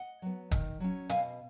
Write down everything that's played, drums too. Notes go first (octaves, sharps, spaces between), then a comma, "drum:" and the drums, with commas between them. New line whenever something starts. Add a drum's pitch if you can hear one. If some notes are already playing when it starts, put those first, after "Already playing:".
Already playing: D#5 F#5
F#3 B3
D#3, drum: kick, hi-hat
F#3 C#4
B2 F5 G#5, drum: hi-hat